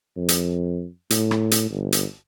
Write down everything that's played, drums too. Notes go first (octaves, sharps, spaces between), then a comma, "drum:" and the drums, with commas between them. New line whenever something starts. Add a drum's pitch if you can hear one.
F2
drum: hi-hat
A2, drum: hi-hat
drum: rim click
drum: hi-hat
G1
drum: hi-hat